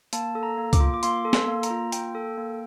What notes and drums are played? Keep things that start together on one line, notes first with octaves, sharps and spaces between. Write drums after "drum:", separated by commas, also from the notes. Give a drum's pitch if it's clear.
A#3 A5, drum: hi-hat
A4
A#5
A#3
D6, drum: kick C#2, hi-hat
F4
D6
A#3 C6, drum: hi-hat
A4
C6, drum: snare
A#3
A#5, drum: hi-hat
F4
A#3 G5, drum: hi-hat
A4
A#3